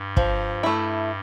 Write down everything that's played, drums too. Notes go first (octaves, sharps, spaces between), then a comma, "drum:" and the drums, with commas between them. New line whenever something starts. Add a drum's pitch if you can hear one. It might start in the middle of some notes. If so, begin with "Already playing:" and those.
Already playing: G2
F3, drum: kick
A3 E4